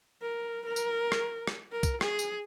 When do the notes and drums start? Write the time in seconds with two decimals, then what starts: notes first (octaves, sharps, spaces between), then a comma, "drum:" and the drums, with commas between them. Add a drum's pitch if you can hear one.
0.22 A#4
0.65 A#4
0.76 drum: tambourine
1.12 drum: rim click
1.47 drum: rim click
1.72 A#4
1.83 drum: kick, tambourine
2.01 G#4, drum: rim click
2.19 drum: tambourine